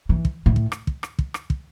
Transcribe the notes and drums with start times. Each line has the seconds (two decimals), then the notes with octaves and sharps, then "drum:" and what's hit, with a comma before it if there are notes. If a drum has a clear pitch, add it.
0.09 E3
0.25 drum: kick
0.46 A2
0.56 drum: kick
0.72 drum: rim click
0.87 drum: kick
1.03 drum: rim click
1.19 drum: kick
1.34 drum: rim click
1.50 drum: kick